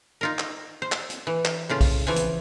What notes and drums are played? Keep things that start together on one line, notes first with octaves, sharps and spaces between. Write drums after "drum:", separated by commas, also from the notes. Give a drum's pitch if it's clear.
D#4 F4 A#4
drum: clap
C5
drum: clap
drum: hi-hat
E3
drum: clap
A2 C#3 F4
drum: kick B1, open hi-hat
E3 F3 G#5
drum: hi-hat